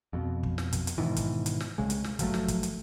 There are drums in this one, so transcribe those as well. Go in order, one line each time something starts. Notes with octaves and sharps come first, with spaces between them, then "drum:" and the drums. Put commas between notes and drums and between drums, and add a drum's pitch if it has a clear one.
F2 B2
drum: kick
drum: snare
drum: kick, hi-hat
drum: hi-hat
G#2 B2 D#3 E3
drum: kick, hi-hat
drum: hi-hat
drum: snare
C2 C#3 G#3
drum: hi-hat
drum: snare
G1 F3 F#3 A3, drum: kick, hi-hat
drum: snare
drum: kick, hi-hat
drum: hi-hat